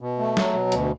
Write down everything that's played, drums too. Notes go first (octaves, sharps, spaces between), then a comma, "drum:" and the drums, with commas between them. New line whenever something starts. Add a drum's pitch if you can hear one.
B2
A3
F#3, drum: snare
B2
D2, drum: hi-hat